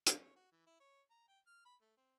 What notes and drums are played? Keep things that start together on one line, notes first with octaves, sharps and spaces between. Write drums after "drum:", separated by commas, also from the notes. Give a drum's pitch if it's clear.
drum: hi-hat
C#5
F#4
E3
E4
C#5
A#5
G5
F6
B5
A3
C4